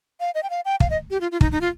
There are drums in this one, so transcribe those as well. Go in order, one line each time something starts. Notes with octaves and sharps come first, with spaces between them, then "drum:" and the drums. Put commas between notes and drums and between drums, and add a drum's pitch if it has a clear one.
F5
D#5
G5
F5
G5
F5, drum: kick
D#5
G4
F4
F4
D#4, drum: kick
D#4
F4